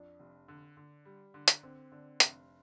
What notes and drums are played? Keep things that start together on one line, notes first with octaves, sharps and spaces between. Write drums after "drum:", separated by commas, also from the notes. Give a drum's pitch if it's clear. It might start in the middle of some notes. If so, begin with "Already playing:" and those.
Already playing: F2 D4
F1
D3
D3
G3
D3
drum: hi-hat
D3 C4
D3 D4
F1, drum: hi-hat